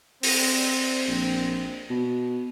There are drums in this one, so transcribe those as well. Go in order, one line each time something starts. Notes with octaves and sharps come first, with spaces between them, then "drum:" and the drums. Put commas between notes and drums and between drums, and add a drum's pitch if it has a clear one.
C4, drum: open hi-hat
A#1
B2